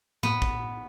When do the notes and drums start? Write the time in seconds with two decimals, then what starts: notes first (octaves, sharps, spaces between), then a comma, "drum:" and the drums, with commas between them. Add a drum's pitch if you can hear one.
0.23 B3, drum: tom A2
0.42 drum: kick